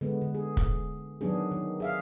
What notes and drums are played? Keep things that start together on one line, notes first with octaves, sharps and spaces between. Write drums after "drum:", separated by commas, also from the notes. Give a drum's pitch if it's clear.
D3 G#3 B3
D3
G#4
drum: kick
D#3 F#3 B3 D4 G#4
D#3
G#4 E5 F5